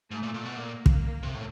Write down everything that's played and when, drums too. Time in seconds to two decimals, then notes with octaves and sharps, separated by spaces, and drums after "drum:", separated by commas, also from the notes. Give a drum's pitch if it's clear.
0.11 G#2 A3
0.23 A#2
0.34 A#2
0.45 B2
0.56 A#2 A#3
0.86 drum: kick
1.23 C3
1.35 A2